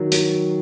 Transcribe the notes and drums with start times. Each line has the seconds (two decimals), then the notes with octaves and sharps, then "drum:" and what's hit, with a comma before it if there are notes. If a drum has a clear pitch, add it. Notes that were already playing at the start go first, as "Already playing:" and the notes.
Already playing: D#3 F#3
0.12 F#3, drum: hi-hat